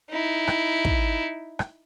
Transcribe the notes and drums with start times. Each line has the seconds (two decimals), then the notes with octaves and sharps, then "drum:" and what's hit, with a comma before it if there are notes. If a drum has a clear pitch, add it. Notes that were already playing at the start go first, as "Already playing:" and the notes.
0.10 D#4 E4
0.47 drum: rim click
0.85 drum: kick
1.59 drum: rim click